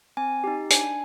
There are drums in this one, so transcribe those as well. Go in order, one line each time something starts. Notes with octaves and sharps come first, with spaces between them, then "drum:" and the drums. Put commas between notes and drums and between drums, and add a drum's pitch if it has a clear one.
C4 G#5
D#4 G4
D4 G#5, drum: hi-hat